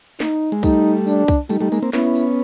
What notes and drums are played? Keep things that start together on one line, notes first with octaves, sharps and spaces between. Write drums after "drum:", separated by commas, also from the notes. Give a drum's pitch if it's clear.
D#4, drum: snare
G#3
G3 A3 D#4, drum: kick C2, tambourine
D4, drum: tambourine
drum: kick C2, tambourine
G3 A3 D#4, drum: tambourine
G3 A3
G#3 A#3, drum: tambourine
A#3 C4
B3 C#4 E4, drum: snare
drum: tambourine